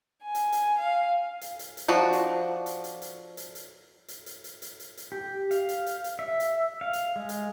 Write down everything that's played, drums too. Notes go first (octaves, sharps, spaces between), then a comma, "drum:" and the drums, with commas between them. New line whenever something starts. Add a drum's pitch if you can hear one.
G#5
drum: hi-hat
drum: hi-hat
F5
drum: hi-hat
drum: hi-hat
drum: hi-hat
F3 D4 F#4
drum: hi-hat
drum: hi-hat
drum: hi-hat
drum: hi-hat
drum: hi-hat
drum: hi-hat
drum: hi-hat
drum: hi-hat
drum: hi-hat
drum: hi-hat
drum: hi-hat
drum: hi-hat
G4
F5, drum: hi-hat
drum: hi-hat
drum: hi-hat
drum: hi-hat
E5
drum: hi-hat
F5
drum: hi-hat
G#3
drum: hi-hat